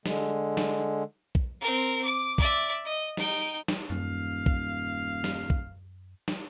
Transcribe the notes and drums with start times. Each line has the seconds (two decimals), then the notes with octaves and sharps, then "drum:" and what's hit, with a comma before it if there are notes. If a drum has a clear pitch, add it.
0.06 D3 G#3, drum: snare
0.57 drum: snare
1.35 drum: kick
1.61 C4 A#4
2.04 D6
2.38 D5 E5, drum: kick
2.85 D#5
3.17 D#4 G5, drum: snare
3.68 drum: snare
3.90 D#1 F#2 F5
4.46 drum: kick
5.24 drum: snare
5.50 drum: kick
6.28 drum: snare